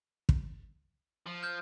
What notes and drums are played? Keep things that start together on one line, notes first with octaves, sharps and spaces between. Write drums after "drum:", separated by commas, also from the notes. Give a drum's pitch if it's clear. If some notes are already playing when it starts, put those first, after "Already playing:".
drum: kick
F3
F6 G6